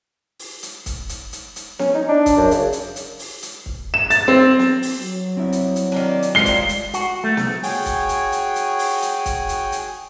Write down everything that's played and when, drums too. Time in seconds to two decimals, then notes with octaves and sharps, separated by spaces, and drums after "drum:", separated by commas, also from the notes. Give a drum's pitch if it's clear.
0.39 drum: open hi-hat
0.63 drum: hi-hat
0.86 drum: kick C#1, hi-hat
1.09 drum: hi-hat
1.33 drum: hi-hat
1.56 drum: hi-hat
1.79 C#4, drum: snare
1.95 D#4
2.08 D4
2.26 drum: kick C#1, hi-hat
2.37 F#2
2.51 C#3, drum: hi-hat
2.73 drum: hi-hat
2.96 drum: hi-hat
3.19 drum: open hi-hat
3.43 drum: hi-hat
3.66 drum: kick C#1
3.94 E7
4.10 A6, drum: hi-hat
4.28 C4
4.59 drum: snare
4.82 drum: open hi-hat
5.00 F#3
5.37 C4 E4 E5
5.52 drum: hi-hat
5.76 drum: hi-hat
5.92 D#3 A#3 D4
6.22 drum: hi-hat
6.35 G3 G#3 A#3 F4 C5 C7 G7
6.46 drum: kick C#1, hi-hat
6.69 drum: hi-hat
6.94 F#4, drum: hi-hat
7.24 A3
7.37 C2, drum: snare
7.63 F#4 G#4 C#5 G5 G#5, drum: open hi-hat
7.86 drum: kick C#1, hi-hat
8.09 drum: hi-hat
8.32 drum: hi-hat
8.56 drum: hi-hat
8.79 drum: open hi-hat
9.02 drum: hi-hat
9.26 drum: kick C#1, hi-hat
9.49 drum: hi-hat
9.72 drum: hi-hat